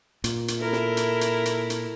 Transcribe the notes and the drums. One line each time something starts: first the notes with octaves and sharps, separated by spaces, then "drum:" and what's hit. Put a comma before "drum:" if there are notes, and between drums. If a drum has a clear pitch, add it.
A#2, drum: hi-hat
drum: hi-hat
E4 A4 A#4
drum: snare
drum: hi-hat
drum: hi-hat
drum: hi-hat
drum: hi-hat